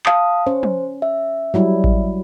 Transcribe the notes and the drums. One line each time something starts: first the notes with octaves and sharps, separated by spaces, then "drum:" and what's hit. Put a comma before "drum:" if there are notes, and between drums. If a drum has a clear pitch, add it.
F5 A5 D#6, drum: clap
C#4 C5
drum: tom F3
E5
F#3 G3 E4
drum: kick A1